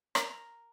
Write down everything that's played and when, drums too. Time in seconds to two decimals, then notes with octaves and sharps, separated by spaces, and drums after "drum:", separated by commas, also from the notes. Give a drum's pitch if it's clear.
0.15 A#4, drum: rim click